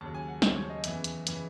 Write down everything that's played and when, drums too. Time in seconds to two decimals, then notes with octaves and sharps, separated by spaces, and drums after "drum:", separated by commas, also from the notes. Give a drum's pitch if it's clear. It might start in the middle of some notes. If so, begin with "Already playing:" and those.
0.01 D#2 C#3 F#3 A5
0.14 G#5
0.28 F#5
0.42 D#2 C#3 F#3 C5, drum: snare
0.56 C#5
0.70 D#5
0.84 E2 C#3 E3 E5, drum: hi-hat
1.04 drum: hi-hat
1.27 C#3 E3, drum: hi-hat